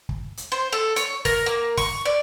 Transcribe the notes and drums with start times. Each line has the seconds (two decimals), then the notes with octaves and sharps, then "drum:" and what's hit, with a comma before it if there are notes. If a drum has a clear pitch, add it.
0.09 drum: kick
0.37 drum: hi-hat
0.52 C5
0.73 A4
0.96 C#5, drum: hi-hat
1.25 A#4, drum: kick, open hi-hat
1.46 A#3
1.77 C#6, drum: kick, open hi-hat
2.05 D5